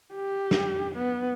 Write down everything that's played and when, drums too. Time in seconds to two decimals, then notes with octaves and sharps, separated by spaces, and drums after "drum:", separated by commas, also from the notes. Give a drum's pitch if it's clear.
0.14 G4
0.51 drum: snare
0.95 B3